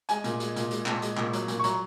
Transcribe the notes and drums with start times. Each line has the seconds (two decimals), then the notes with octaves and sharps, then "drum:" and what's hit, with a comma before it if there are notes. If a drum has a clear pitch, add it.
0.09 G#3 G#5, drum: hi-hat
0.24 A#2, drum: hi-hat
0.40 G#3, drum: hi-hat
0.56 A#2, drum: hi-hat
0.71 G#3, drum: hi-hat
0.86 A#2, drum: clap
1.02 G#3, drum: hi-hat
1.17 A#2, drum: clap
1.33 F#3, drum: hi-hat
1.48 A#2, drum: hi-hat
1.60 C#6
1.64 F#3 A#5, drum: hi-hat